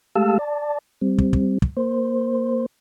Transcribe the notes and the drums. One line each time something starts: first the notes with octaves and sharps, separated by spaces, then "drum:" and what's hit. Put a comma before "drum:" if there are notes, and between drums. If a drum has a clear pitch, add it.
G#3 A3 G4 F5 A5 E6
D5 A5
G3 C4
drum: kick
drum: kick
drum: kick
A#3 C5